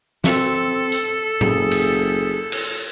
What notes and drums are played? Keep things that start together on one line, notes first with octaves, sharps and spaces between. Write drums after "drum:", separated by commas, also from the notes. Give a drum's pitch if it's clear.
C4 A4, drum: snare
drum: hi-hat
F#1 G#4, drum: tom A2
drum: cymbal
drum: cymbal